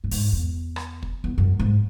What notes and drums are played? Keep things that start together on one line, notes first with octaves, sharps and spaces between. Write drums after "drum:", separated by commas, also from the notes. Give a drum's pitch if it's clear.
A2
G#2, drum: open hi-hat
E2
drum: rim click
drum: kick
E2
F#2
G#2